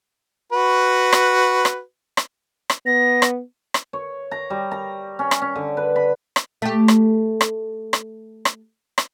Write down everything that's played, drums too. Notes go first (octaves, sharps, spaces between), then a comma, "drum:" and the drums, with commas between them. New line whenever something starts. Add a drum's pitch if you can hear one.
F#4 B4
drum: rim click
drum: rim click
drum: rim click
drum: rim click
B3 A#6
drum: rim click
drum: rim click
C#5
A#5
G3
A#5
C#4
drum: rim click
C#4
D3
B4
B5
drum: rim click
A3 G4
drum: rim click
drum: rim click
drum: rim click
drum: rim click
drum: rim click